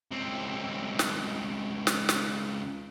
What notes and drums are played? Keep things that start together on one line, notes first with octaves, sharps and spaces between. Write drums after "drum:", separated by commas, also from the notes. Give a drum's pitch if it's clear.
C#2 C4
drum: snare
drum: snare
drum: snare